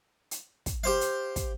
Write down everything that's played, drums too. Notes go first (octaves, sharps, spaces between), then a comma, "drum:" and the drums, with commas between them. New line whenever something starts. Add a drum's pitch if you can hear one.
drum: hi-hat
drum: kick, hi-hat
G4 C5 F5
drum: hi-hat
drum: kick, hi-hat